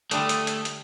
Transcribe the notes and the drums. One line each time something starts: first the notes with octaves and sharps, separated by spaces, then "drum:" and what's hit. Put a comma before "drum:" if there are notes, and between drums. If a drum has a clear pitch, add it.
D3 G3 A3 D4 D#6, drum: hi-hat
drum: hi-hat
drum: hi-hat
drum: hi-hat